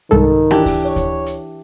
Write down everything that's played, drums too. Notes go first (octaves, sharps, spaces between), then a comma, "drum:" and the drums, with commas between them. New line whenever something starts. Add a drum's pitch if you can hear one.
C2 G#2 D#3 A4
E3 D4 G4, drum: rim click
drum: kick D2, open hi-hat
C#5
drum: kick D2, hi-hat
drum: hi-hat